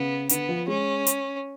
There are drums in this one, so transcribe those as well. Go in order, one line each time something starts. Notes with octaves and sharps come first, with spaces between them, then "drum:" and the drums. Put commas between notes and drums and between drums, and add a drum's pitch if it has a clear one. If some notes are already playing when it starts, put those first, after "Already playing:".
Already playing: C#3 B3
D3 B3, drum: hi-hat
F3
G#3 C#4
drum: hi-hat